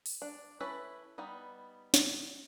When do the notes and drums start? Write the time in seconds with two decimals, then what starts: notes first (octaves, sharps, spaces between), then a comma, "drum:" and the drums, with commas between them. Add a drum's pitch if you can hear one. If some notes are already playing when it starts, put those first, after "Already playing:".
0.06 drum: open hi-hat
0.22 D4
0.60 C#4 E4 A4 B4
1.18 G3 B3 D#4
1.94 drum: snare